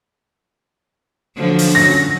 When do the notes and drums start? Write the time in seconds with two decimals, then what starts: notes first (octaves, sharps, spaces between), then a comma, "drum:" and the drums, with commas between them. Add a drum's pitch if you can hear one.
1.37 D3 F3 F#3
1.59 drum: open hi-hat
1.75 F#3 C#4 A#6